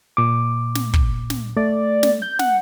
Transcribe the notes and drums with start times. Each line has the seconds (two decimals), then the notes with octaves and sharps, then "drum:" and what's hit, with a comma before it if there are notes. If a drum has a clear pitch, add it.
0.17 A#2 D6
0.75 drum: snare
0.94 drum: kick
1.30 drum: snare
1.57 A3 D5
2.03 drum: snare
2.22 G6
2.39 F#5, drum: snare